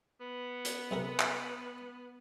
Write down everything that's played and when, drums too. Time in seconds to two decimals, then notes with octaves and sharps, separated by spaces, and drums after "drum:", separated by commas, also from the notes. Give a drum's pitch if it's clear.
0.21 B3
0.65 drum: hi-hat
0.91 B1 C3 A#4
1.20 drum: clap